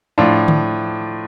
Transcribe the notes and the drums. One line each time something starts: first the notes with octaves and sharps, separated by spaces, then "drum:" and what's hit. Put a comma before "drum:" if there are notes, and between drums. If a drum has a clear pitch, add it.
A2 F3 D4 F4
drum: tom D3